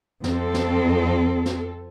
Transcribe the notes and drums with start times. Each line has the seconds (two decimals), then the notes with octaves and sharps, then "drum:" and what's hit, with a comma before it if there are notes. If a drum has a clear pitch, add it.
0.24 F2 C4 A4, drum: snare
0.54 drum: snare
1.46 drum: snare